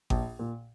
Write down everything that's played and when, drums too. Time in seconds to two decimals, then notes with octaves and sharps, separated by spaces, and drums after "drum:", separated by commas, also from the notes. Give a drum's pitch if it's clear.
0.10 A#1, drum: kick G#1
0.39 A#2